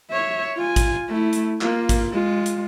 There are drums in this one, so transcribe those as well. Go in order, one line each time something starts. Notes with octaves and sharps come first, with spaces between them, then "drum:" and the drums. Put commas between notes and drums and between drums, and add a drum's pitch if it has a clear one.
C#5 E5
F4 G#5
drum: kick, hi-hat
A3 E4
drum: hi-hat
A#3 F4, drum: clap
drum: kick, hi-hat
G#3 F4
drum: hi-hat